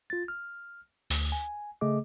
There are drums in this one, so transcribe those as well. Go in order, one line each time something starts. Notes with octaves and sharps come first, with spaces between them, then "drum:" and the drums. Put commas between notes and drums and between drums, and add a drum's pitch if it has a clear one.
F4 A6
F6
D2, drum: open hi-hat
G#5
C#3 A3 G#4 D#5 D6